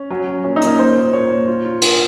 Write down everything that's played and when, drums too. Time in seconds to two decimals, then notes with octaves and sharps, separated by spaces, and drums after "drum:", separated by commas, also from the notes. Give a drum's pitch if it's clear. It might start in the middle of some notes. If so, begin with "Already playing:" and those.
Already playing: C#4
0.10 F#3 C#4
0.27 F#3
0.44 A#2 C#4
0.56 D#4
0.62 A#3 C#4, drum: hi-hat
0.79 A#2 C5
0.96 A#2
1.13 A#2 C#5
1.30 A#2
1.47 F4
1.65 F4
1.82 F4, drum: cymbal